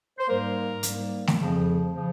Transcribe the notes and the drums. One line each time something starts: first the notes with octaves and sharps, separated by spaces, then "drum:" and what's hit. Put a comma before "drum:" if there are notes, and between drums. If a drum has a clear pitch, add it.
C5
G#2 G3 A#3 A#4
G#2 G3 A#3, drum: hi-hat
drum: snare A3
F2 C#3 F3
C#3 F3